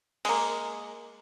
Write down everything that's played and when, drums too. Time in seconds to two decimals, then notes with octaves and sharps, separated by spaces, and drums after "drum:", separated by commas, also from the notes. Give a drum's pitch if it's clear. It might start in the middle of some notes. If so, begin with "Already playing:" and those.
0.25 G#3 A#3, drum: open hi-hat